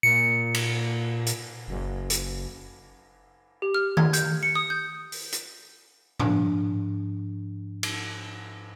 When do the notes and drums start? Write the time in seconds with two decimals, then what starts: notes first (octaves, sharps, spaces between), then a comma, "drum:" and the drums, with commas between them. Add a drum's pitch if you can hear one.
0.03 A#2 C#7
0.54 drum: cymbal
1.26 drum: hi-hat
1.68 F#1
2.10 drum: hi-hat
3.62 G4
3.74 F6
3.97 G#6, drum: tom D#3
4.13 G6, drum: hi-hat
4.43 C#7
4.55 D#6
4.70 G6
5.12 drum: open hi-hat
5.32 drum: hi-hat
6.20 G#2 F3 D4, drum: tom A2
7.83 drum: cymbal